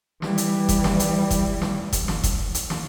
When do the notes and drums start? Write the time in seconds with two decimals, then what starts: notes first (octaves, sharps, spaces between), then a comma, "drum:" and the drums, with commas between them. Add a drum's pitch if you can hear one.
0.22 E3 G3, drum: snare
0.38 drum: hi-hat
0.69 drum: kick F1, hi-hat
0.84 drum: snare
1.00 drum: hi-hat
1.31 drum: kick F1, hi-hat
1.62 drum: snare
1.93 drum: kick F1, hi-hat
2.08 drum: snare
2.24 drum: kick F1, hi-hat
2.54 drum: hi-hat
2.70 drum: snare